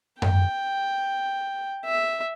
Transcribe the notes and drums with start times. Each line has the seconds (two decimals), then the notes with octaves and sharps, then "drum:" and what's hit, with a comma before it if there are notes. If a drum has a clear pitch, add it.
0.22 G5, drum: tom F#2
1.86 E5